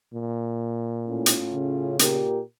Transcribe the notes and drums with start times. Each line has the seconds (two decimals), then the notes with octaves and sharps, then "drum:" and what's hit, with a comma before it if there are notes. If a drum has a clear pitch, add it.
0.14 A#2
1.08 A2 C#4 F4
1.26 drum: hi-hat
1.53 C#3
1.99 A#2 G4 A#4, drum: hi-hat